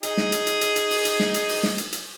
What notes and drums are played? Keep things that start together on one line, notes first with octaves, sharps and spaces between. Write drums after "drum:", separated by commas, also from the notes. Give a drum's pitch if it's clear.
D#4 G#4, drum: hi-hat
drum: snare
drum: hi-hat
drum: hi-hat
drum: hi-hat
drum: hi-hat
drum: open hi-hat
drum: hi-hat
drum: snare
drum: hi-hat
drum: open hi-hat
drum: snare
drum: hi-hat
drum: hi-hat